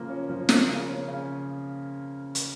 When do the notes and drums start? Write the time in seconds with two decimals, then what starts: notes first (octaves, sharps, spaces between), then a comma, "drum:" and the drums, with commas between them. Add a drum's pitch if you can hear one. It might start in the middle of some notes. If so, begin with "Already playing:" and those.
Already playing: C#3 F3 A#3
0.09 C#4
0.29 F3
0.49 A#3, drum: snare
0.69 C#3
0.89 C#4
1.08 C#3
2.35 drum: hi-hat